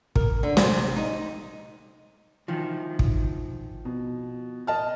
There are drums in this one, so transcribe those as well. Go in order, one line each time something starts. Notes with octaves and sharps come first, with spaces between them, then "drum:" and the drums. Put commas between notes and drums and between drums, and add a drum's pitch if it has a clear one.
A#4, drum: kick
D3
C3, drum: snare
D#4
D#3 F3
drum: kick
B2
D#5 A5 F6